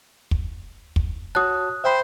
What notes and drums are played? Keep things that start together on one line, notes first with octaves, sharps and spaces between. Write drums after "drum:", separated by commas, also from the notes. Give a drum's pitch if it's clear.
drum: kick
drum: kick
F#4 C#5 A5 D#6 F#6
C5 E5 G5 B5